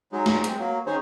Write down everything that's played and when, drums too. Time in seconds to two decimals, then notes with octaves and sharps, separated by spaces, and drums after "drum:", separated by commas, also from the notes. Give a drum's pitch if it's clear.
0.12 F#3 G#3 D#4
0.26 drum: snare
0.44 G#3 C4, drum: hi-hat
0.59 F#3 A#3
0.86 D#3 C#4 D#4 G#4 C5 C#5